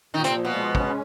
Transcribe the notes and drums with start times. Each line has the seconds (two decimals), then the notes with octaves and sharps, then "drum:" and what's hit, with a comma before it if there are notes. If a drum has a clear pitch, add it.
0.14 A#2 D#3 D#4
0.24 C3 C4, drum: hi-hat
0.35 F3
0.45 B2 B3
0.54 G#3
0.75 C#4, drum: kick